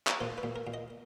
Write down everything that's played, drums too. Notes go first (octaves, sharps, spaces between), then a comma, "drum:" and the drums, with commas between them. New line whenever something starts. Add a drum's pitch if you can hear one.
drum: clap
A#2 C5
B4
A#2
A#4
A#2
D#5